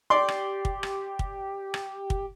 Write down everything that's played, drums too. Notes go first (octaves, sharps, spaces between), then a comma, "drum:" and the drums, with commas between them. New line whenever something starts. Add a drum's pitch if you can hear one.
G4 D5 C6
drum: rim click
drum: kick
drum: rim click
drum: kick
drum: rim click
drum: kick